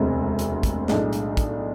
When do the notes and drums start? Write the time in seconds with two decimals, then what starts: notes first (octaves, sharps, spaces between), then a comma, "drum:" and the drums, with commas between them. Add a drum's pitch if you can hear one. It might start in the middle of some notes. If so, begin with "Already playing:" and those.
Already playing: E1 D2 C3 G#3 C4
0.39 drum: hi-hat
0.63 drum: kick, hi-hat
0.88 B1 A2 G#3 D4, drum: snare
1.13 drum: hi-hat
1.37 drum: kick, hi-hat